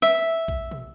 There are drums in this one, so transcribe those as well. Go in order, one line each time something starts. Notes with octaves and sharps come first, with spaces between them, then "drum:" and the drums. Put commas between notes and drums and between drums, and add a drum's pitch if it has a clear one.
E5, drum: snare
drum: kick A#1
drum: tom A#2